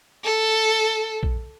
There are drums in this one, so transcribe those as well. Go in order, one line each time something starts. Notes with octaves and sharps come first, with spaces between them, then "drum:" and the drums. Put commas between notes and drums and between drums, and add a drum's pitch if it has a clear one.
A4
drum: kick A#1